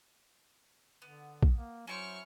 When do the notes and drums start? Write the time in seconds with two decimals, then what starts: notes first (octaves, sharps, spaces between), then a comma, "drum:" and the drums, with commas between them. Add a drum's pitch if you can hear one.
1.02 D3 B3
1.43 drum: kick A#1
1.56 A#3
1.87 F#3 C#4 E4 C5 C#6 F6